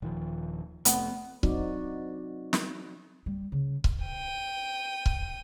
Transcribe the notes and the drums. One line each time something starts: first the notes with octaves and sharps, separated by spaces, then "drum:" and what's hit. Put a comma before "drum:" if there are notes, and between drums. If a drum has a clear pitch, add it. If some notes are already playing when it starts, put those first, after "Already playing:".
D#1 D#3 F3
F1 A3 B3 C4, drum: hi-hat
F#3 C4 D#4 F#4 D5, drum: kick C#1
drum: snare
G3
C#3
drum: kick C#1
G5 D#7
drum: kick C#1